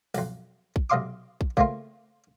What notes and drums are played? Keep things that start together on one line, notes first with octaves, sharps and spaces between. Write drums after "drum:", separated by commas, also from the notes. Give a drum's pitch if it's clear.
B1 F2, drum: open hi-hat
drum: kick
B1 C3 D#5 F5 C6 D6
drum: kick
C#3 A3 A#3 C4 F4, drum: kick